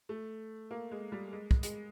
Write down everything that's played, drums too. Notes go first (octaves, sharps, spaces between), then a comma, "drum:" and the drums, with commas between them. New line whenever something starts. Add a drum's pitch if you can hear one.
A3
A#3
G#3
G3
G#3
drum: kick
G#3, drum: hi-hat